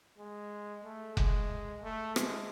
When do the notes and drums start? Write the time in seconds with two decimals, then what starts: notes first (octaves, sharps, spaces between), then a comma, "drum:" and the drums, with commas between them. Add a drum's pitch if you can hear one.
0.18 G#3
0.84 A3
1.17 G#3, drum: kick F1
1.83 A3
2.16 G#3, drum: rim click